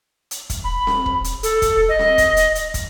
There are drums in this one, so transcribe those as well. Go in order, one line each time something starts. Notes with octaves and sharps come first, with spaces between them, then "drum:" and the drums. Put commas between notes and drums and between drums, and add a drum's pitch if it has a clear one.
drum: hi-hat
drum: kick, hi-hat
B5
drum: snare C4
drum: kick
drum: hi-hat
A4, drum: hi-hat
drum: kick, hi-hat
D#5
drum: snare C4
drum: kick, hi-hat
drum: hi-hat
drum: hi-hat
drum: kick, hi-hat